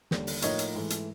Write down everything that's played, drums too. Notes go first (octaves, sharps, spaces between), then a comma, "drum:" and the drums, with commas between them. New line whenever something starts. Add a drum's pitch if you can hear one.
D#2 D3 G3, drum: snare
drum: open hi-hat
A2 F3 A#3 D#4 C#5 D#5, drum: hi-hat
drum: hi-hat
G#2 E3 A3
drum: hi-hat